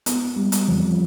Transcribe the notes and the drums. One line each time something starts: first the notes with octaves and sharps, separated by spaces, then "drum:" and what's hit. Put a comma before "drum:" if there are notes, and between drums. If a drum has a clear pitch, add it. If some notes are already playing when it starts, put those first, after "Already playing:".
B3, drum: hi-hat
G3
drum: hi-hat
F2